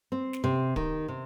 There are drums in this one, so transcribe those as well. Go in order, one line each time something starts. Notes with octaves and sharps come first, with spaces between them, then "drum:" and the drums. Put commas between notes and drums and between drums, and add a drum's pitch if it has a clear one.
C4
drum: snare
C3
D#3, drum: kick D1
C3